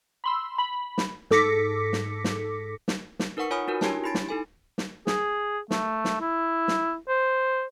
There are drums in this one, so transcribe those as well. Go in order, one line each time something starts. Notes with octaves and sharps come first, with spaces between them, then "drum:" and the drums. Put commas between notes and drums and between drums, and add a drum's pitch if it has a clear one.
B5 C6 E6
B5
drum: snare
G#2 A4 D6 A#6 B6 C#7, drum: snare
drum: snare
drum: snare
drum: snare
drum: snare
D#4 A#4 B4 F#5 C#6 C#7
F4 C#5 G#5 B5 D#6 F6
D#4 F#4 A#4 B4
D4 E4 G4 C#5 G#5 A5, drum: snare
E4 G4 B5 A6 D7
drum: snare
D#4 A4 G#5
drum: snare
G#4, drum: snare
A3, drum: snare
drum: snare
E4
drum: snare
C5